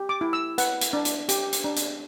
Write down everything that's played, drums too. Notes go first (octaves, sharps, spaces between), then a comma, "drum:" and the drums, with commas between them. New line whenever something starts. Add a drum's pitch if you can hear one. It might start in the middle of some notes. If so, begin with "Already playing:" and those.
Already playing: G4
D6
E4
E6
B4 F#5, drum: hi-hat
drum: hi-hat
D4
drum: hi-hat
G4, drum: hi-hat
drum: hi-hat
D4
drum: hi-hat